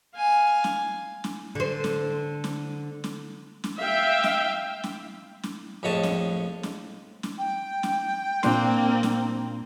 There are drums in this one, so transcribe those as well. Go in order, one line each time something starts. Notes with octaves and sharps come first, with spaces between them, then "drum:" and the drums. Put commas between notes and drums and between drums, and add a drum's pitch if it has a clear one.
F5 G#5
drum: snare
drum: snare
D3 C5
drum: snare
drum: snare
drum: snare
drum: snare
E5 F5 G5
drum: snare
drum: snare
drum: snare
A#1 F2 A2 C#5 D#5 A5
drum: snare
drum: snare
drum: snare
G5
drum: snare
A#2 A#3 C4 D4 C6, drum: snare
drum: snare